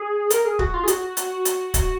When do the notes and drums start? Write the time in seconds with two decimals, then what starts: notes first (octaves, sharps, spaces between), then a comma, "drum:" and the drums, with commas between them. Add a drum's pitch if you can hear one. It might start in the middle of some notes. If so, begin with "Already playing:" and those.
Already playing: G#4
0.30 A#4, drum: hi-hat
0.45 G#4
0.59 F#4, drum: kick
0.74 F4
0.84 G#4
0.88 F#4, drum: hi-hat
1.17 drum: hi-hat
1.45 drum: hi-hat
1.74 drum: kick, hi-hat